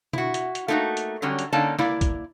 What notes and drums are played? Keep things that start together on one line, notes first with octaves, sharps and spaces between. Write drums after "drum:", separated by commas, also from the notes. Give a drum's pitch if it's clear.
E4 F#4, drum: tom B2
drum: hi-hat
drum: hi-hat
A3 A#3 D#4 F4 F#4
drum: hi-hat
D3 F#3 G3 C#4
drum: hi-hat
D3 A#3 C#4 D#4 D5 A5
A#3 E4 D5, drum: snare
drum: kick A1, hi-hat